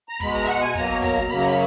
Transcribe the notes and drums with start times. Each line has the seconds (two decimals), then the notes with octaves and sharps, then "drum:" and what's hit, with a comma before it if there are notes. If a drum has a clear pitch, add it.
0.09 A#5
0.20 B2 G#3 B5, drum: kick, hi-hat
0.34 A#5
0.44 E5
0.48 F#5, drum: hi-hat
0.62 G#5
0.75 B2 F#3 A#3 A#5, drum: kick, hi-hat
0.89 drum: hi-hat
1.02 A#5, drum: kick, hi-hat
1.16 drum: hi-hat
1.29 F#2 C#3 F#3 A#3 B5, drum: hi-hat
1.37 A#5
1.46 B5